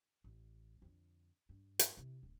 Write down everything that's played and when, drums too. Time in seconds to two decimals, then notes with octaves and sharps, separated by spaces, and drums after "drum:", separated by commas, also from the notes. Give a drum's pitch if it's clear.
0.24 A1
0.82 F2 D3
1.49 G2
1.79 drum: hi-hat
1.97 C3 E4
2.23 D1